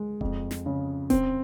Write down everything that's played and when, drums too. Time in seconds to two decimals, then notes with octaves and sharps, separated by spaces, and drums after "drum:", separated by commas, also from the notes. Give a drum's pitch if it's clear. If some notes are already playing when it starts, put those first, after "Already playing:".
Already playing: G#3
0.21 F2, drum: kick D#1
0.51 drum: snare
0.66 C#3
1.10 C4, drum: kick D#1, hi-hat